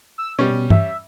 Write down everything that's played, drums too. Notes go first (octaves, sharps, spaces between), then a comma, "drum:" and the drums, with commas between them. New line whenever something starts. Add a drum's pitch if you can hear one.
E6
B2 G3 C#4
B2
E5, drum: tom G2